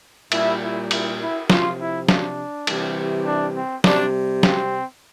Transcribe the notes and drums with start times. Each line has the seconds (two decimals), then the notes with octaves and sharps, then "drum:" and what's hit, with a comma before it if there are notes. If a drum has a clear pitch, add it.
0.32 A#2 G3 E4, drum: cymbal
0.61 E4
0.91 E4, drum: cymbal
1.21 E4
1.50 C3 F3 F4, drum: snare
1.79 E4
2.09 D4, drum: snare
2.67 C3 E3 G3, drum: cymbal
3.25 D4
3.55 C4
3.84 C3 G3 D4, drum: snare
4.43 C4, drum: snare